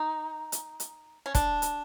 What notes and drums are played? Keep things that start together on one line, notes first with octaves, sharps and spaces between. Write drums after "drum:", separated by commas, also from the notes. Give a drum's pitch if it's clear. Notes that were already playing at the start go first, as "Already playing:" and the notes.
Already playing: D#4
drum: hi-hat
drum: hi-hat
C#4
D4, drum: kick, hi-hat
drum: hi-hat